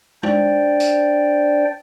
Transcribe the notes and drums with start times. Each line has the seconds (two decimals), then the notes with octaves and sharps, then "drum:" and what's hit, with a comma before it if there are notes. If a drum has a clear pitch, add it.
0.23 D4 C5 D5 G5, drum: tom G#3
0.80 drum: hi-hat